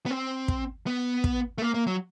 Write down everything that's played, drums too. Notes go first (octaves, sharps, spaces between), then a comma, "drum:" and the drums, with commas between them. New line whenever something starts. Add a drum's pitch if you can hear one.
B3
C4
drum: kick
B3
drum: kick
A3
A#3
A#3
F#3